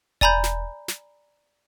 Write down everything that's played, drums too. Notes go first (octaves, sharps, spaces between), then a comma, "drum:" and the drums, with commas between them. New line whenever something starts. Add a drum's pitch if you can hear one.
D5 G#5 A#5 B5 G6, drum: kick E1
drum: snare
drum: snare